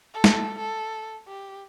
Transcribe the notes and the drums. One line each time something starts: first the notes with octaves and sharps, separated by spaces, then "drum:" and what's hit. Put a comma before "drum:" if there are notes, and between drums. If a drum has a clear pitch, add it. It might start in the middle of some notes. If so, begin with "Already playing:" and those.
A4
drum: snare
A4
G4